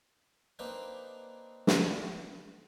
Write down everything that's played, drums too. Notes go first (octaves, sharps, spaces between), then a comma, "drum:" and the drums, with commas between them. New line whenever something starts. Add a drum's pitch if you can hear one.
A#3 C4 D4 D#4 A#4 B4
drum: snare